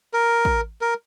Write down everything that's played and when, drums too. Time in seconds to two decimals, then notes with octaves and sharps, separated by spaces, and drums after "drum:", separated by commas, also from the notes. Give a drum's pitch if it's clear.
0.13 A#4
0.45 drum: kick
0.81 A#4